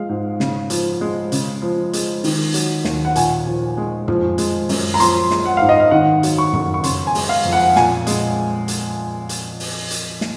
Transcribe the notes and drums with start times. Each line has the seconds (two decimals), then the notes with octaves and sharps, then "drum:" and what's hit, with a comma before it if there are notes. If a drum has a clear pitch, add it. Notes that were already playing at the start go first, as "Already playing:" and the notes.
Already playing: F3 G#3 F5
0.09 G#2
0.40 C#3, drum: snare
0.70 F3, drum: hi-hat
1.01 G#3
1.32 C#3, drum: hi-hat
1.62 F3
1.93 G#3, drum: hi-hat
2.24 D#3, drum: open hi-hat
2.54 F#3, drum: hi-hat
2.85 D#2, drum: snare
3.05 F#5
3.16 A#2 G#5, drum: hi-hat
3.46 F3
3.77 G#3
4.08 F3, drum: tom
4.38 G#3, drum: hi-hat
4.69 F#2, drum: open hi-hat
4.94 A#5
5.00 F3 C6, drum: hi-hat
5.31 G#3, drum: snare
5.46 F#5
5.57 G#2 F5
5.69 D#5
5.80 F5
5.91 D#3 F#5
6.23 F#3, drum: hi-hat
6.38 C#6
6.53 F#2, drum: tom
6.74 C#6
6.84 C#3 C6, drum: hi-hat
7.07 G#5
7.15 G#3, drum: open hi-hat
7.29 F5
7.45 F2
7.53 F#5
7.76 A#2 G#5, drum: snare
8.07 G#3, drum: hi-hat
8.68 drum: hi-hat
9.29 drum: hi-hat
9.60 drum: open hi-hat
9.91 drum: hi-hat
10.21 drum: snare